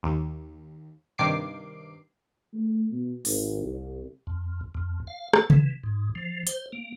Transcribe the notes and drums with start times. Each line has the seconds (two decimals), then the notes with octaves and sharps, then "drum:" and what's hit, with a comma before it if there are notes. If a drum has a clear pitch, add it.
0.03 D#2
1.18 G2 C3 D#3 D6 C7 D7
2.54 A3
2.91 B2
3.25 G#1, drum: open hi-hat
3.62 C2
4.27 F2
4.75 F2
5.07 F5
5.33 A4, drum: rim click
5.50 E3, drum: tom C3
5.84 G#2
6.15 F3
6.47 C5, drum: hi-hat
6.72 A#3